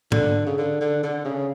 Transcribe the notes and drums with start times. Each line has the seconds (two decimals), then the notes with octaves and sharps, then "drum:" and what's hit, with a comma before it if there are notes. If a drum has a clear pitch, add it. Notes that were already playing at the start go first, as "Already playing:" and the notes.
0.12 D3, drum: tom
0.46 C#3
0.58 D3
0.80 D3
1.03 D3
1.25 C#3